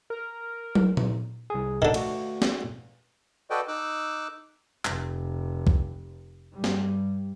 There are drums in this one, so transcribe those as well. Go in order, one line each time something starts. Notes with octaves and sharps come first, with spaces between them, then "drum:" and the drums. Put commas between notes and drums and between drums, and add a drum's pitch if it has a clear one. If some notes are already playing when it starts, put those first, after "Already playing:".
A#4
drum: tom
drum: tom A#2
C2 G#4
D3 D#3 D#4 A5
A3 F#4, drum: cymbal
drum: snare
F#4 A4 B4 D5 D#5 G5
D#4 D6 E6 F#6
F1, drum: clap
drum: kick B1
G2 G3
drum: snare